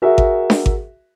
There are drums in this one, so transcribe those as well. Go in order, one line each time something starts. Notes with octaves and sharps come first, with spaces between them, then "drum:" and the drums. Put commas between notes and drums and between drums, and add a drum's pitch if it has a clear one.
F#4 G#4 A#4 E5
drum: kick G#1
drum: snare D4
drum: kick G#1